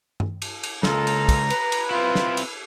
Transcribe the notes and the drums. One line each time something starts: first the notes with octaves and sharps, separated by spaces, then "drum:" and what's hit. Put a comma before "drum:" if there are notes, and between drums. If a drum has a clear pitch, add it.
drum: tom G2
drum: cymbal
drum: cymbal
C#2 A#3 F4 A4 A#5, drum: snare
drum: cymbal
drum: kick, cymbal
B4, drum: cymbal
drum: cymbal
C4 E4 F4
drum: snare
drum: cymbal